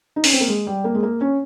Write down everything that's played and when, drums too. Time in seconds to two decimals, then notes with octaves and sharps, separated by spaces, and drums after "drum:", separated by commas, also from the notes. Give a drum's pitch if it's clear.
0.16 D#4
0.24 C#4, drum: open hi-hat
0.32 C4
0.40 A#3
0.48 G#3
0.67 G3
0.84 A#3
0.95 G#3
1.03 A#3
1.21 C#4